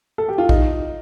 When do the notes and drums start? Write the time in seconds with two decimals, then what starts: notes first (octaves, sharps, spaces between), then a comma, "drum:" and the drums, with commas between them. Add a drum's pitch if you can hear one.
0.18 A4
0.29 G4
0.38 F4
0.49 D#4, drum: kick